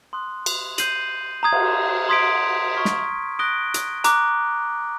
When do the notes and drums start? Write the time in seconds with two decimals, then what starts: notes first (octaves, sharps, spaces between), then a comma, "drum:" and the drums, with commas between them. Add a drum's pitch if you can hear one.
0.13 C6 D#6 F#6
0.46 drum: cymbal
0.78 G6 C7 D#7 F#7, drum: hi-hat
1.43 A#5 D#6 G#6
1.52 drum: cymbal
2.09 C6 D#6 G#6 B6 D7
2.74 C#6 F6 G#6 B6
2.85 drum: snare
3.39 D#6 F#6 A#6 D7 G7
3.74 drum: hi-hat
4.04 A#5 D6 F#6, drum: hi-hat